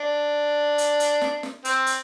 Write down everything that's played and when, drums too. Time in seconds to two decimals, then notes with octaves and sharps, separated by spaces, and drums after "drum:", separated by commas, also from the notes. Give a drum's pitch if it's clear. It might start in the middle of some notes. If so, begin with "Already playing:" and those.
Already playing: D4
0.78 drum: hi-hat
1.00 drum: hi-hat
1.21 drum: snare
1.43 drum: snare
1.65 C4, drum: hi-hat
1.87 drum: hi-hat